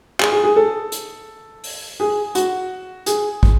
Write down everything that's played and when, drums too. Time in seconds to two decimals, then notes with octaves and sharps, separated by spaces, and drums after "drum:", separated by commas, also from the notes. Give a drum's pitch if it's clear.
0.20 G#4, drum: clap
0.32 G#4
0.44 G#4
0.56 A4
0.92 drum: hi-hat
1.64 drum: open hi-hat
2.00 G#4
2.35 F#4, drum: hi-hat
3.06 G#4, drum: hi-hat
3.43 drum: kick